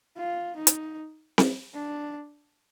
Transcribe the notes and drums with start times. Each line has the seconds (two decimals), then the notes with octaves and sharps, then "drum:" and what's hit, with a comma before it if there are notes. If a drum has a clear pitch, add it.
0.17 F4
0.56 D#4
0.67 drum: hi-hat
1.38 drum: snare C4
1.73 D4